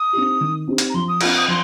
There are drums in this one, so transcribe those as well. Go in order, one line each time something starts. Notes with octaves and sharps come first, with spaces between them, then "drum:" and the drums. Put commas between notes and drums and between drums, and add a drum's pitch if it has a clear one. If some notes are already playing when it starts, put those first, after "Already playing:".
Already playing: D#6
C4 D#4 G4
D#3
C4 D#4 G4
drum: hi-hat
A#5
F3 C6
D#6
C4 F4 F6, drum: cymbal
D#6
F3 C6